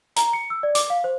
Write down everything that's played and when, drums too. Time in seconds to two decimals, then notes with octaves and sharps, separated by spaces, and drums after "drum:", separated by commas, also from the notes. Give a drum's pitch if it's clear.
0.16 A#5, drum: hi-hat
0.33 C#7
0.50 E6
0.63 D5
0.75 D6, drum: hi-hat
0.90 F5
1.04 C5